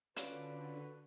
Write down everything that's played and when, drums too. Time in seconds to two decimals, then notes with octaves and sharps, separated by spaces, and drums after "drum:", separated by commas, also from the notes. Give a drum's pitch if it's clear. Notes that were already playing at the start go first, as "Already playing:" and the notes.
0.16 D3 C#4 F4 F#4 B4 D5, drum: hi-hat